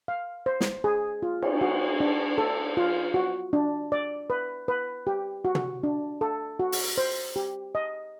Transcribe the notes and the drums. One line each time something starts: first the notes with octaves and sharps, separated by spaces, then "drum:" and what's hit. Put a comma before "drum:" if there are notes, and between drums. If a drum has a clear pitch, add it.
F5
C5
drum: snare
G#4
F4
drum: cymbal
F#4
D4
A4
F4
F#4
D4
D5
B4
B4
G4
F#4
drum: tom
D4
A4
F#4
drum: open hi-hat
C5
G4
D#5